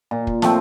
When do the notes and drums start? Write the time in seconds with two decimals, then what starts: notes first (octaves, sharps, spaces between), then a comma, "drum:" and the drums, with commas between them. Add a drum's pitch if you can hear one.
0.11 A#2
0.27 drum: kick
0.42 F3 A3 C4, drum: snare